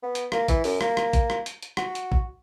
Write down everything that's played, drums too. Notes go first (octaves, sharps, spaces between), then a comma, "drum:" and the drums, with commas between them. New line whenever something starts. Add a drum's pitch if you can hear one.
B3
drum: hi-hat
A#3, drum: rim click
E3, drum: kick, hi-hat
F#2, drum: open hi-hat
A#3, drum: rim click
drum: rim click
drum: kick, hi-hat
drum: rim click
drum: hi-hat
drum: hi-hat
F#4, drum: rim click
drum: hi-hat
drum: kick